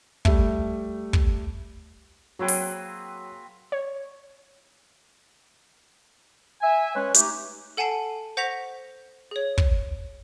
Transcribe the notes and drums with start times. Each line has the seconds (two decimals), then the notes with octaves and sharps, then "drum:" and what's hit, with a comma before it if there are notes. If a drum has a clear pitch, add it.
0.25 G3 A3, drum: kick
1.13 drum: kick
2.39 F#3 A#3 C4 F#4 G#4 B4 G5
2.48 drum: open hi-hat
3.72 C#5
6.61 E5 G#5
6.95 G#3 C#4 B4 C#5
7.14 A3 D#4 G4, drum: hi-hat
7.77 A4 F#5 G#5 A5 C7 D7
8.37 C5 F#5 C#6 A#6 B6 F7
9.31 G#4 C#5
9.58 drum: kick